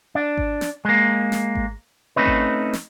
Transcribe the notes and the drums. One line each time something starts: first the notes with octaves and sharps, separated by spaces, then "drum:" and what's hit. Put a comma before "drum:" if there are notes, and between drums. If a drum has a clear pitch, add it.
D4
drum: kick G#1
drum: snare
G#3 A#3
drum: snare
drum: kick G#1
A3 C4 C#4 D#4 B4
drum: kick G#1
drum: snare